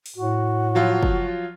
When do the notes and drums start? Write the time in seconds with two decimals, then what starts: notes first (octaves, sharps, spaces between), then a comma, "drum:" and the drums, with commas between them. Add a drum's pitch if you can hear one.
0.06 drum: open hi-hat
0.16 A2 F#4
0.75 F3 F#3 F4
1.03 drum: kick